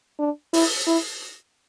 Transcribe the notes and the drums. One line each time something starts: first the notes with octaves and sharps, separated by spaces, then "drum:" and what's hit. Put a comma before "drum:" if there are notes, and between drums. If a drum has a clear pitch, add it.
D4
E4, drum: open hi-hat
E4